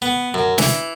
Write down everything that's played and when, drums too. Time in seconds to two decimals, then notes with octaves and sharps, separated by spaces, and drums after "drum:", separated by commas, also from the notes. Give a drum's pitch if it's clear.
0.02 B3
0.34 F#2
0.58 E3, drum: snare